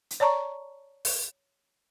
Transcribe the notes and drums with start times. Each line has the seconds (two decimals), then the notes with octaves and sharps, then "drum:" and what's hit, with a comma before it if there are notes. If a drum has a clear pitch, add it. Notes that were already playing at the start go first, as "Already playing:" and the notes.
0.11 drum: hi-hat
0.20 C#5 D5 A5 A#5 C#6
1.05 drum: open hi-hat